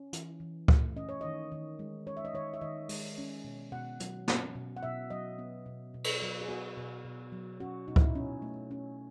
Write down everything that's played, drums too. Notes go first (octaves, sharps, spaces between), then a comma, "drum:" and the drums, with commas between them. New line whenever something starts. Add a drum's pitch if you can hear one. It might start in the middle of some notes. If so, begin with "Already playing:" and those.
Already playing: C#4
E3, drum: hi-hat
E3
A3, drum: kick C#2
C#4 D#5
C#5
D#3 D#5
D#3
G#3
C#4 C#5
E5
D#5
D#3 C#5
E5
D#3 D#5
G#3, drum: open hi-hat
C#4
B2
B2 F#5
F#3, drum: hi-hat
C#4, drum: snare
B2
F#5
B2 E5
F#3 D#5
B3
B2
B2
drum: cymbal
F#3
G#4
B3 F#4
B2
B2
F#3
C#4 F#4
B2 D#4
E4, drum: kick C#2
D#4
B2 C#4
A3
C#4